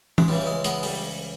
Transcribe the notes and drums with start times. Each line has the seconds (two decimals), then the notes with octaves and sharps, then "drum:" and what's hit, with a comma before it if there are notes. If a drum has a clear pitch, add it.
0.18 G#3, drum: tom
0.28 C#2 C#3 E3 G3
0.41 G3
0.46 G#3
0.64 G#3 B3, drum: hi-hat
0.83 G3, drum: open hi-hat